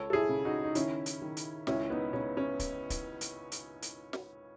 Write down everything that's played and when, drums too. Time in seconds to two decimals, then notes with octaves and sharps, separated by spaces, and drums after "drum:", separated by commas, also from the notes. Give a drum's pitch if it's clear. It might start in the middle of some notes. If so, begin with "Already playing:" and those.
Already playing: C#2 A4 C#5
0.10 A4
0.13 E4 G#4
0.29 C#3
0.45 D#4 F#4
0.64 D#4
0.75 D#3 C#4 E4, drum: hi-hat
1.06 drum: hi-hat
1.22 D#3
1.37 drum: hi-hat
1.67 C#2 C#4 E4, drum: snare
1.90 B3 D#4
2.13 C#3 C#4
2.37 C#4
2.59 drum: kick, hi-hat
2.90 drum: kick, hi-hat
3.21 drum: hi-hat
3.52 drum: hi-hat
3.82 drum: hi-hat
4.13 drum: snare